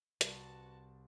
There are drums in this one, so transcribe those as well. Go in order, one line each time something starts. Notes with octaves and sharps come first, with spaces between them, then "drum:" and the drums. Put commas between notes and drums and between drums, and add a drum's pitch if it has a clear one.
C2 F#4 B4 A5 A6, drum: hi-hat